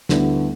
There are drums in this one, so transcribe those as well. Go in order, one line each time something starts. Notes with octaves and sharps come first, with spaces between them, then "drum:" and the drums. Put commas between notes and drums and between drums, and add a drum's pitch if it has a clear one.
D2 D3 G3 B3 E4, drum: snare